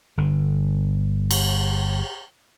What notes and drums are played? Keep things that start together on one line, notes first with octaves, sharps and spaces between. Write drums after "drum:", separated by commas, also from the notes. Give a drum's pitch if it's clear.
G1 D3
drum: cymbal